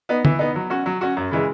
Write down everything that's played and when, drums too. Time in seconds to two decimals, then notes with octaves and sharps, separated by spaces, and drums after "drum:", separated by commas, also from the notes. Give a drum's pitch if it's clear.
0.09 B3 D#4
0.25 E3, drum: tom D3
0.39 B3 D#4
0.56 F#3
0.70 C#4 F#4
0.86 F#3
1.01 C#4 F#4
1.17 F#2
1.31 C#3 E3 G#3